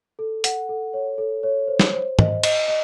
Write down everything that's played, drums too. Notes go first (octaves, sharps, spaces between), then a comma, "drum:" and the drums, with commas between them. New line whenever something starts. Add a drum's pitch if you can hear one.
A4
F#5, drum: hi-hat
A4
C#5
A4
C#5
C5
drum: snare
C5
D#5, drum: tom G#2
D#5, drum: cymbal
D#5